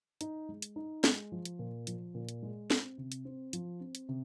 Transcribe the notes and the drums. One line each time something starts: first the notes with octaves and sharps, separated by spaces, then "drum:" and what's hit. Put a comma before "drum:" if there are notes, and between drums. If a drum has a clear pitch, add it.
D#4, drum: hi-hat
G#3
drum: hi-hat
D#4
G#3, drum: snare
F3
drum: hi-hat
A#2
F3, drum: hi-hat
A#2
drum: hi-hat
G#3
C4, drum: snare
C3
drum: hi-hat
C4
F3, drum: hi-hat
C4
drum: hi-hat
C3